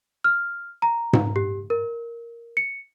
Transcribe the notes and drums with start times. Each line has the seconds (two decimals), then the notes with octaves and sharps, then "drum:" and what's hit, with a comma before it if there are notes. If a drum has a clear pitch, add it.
0.24 F6
0.82 A#5
1.13 drum: tom G#2
1.36 G4
1.70 A#4
2.57 C#7